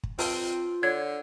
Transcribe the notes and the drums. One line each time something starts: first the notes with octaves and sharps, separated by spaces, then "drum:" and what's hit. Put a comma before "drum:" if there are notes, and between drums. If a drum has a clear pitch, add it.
drum: kick
C4 F4 B4 A5, drum: open hi-hat
D3 C#5 G#6